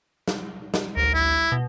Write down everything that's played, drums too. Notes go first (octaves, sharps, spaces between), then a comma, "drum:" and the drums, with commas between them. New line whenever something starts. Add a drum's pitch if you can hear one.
drum: snare
drum: snare
A1 D2 A#4
E4
B2